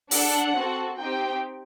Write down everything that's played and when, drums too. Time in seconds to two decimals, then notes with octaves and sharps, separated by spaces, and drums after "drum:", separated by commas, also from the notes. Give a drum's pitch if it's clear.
0.11 D4 A4 F#5, drum: open hi-hat
0.57 C4 F#4 A4
1.00 C4 D#4 G4 G5